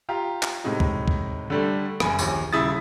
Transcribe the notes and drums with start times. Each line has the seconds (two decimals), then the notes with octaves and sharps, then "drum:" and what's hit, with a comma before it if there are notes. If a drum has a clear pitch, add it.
0.09 F4 G4 A#5
0.43 drum: clap
0.64 A2 C3 G#3 D#4
0.80 drum: kick C2
1.08 drum: kick C2
1.50 D3 G3 A3
2.00 F#1 G#5 B5, drum: rim click
2.19 A#1 D#2, drum: tambourine
2.53 D#1 C#3 E4 D#6 A6